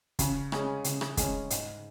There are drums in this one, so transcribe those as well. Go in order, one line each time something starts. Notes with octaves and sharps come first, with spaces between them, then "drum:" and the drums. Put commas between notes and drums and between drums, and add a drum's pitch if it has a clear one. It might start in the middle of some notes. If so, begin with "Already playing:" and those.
C#3, drum: kick, hi-hat
G#3 C#4 G#4, drum: rim click
C#3, drum: hi-hat
drum: rim click
G#3 C#4 G#4, drum: kick, hi-hat
G#2, drum: hi-hat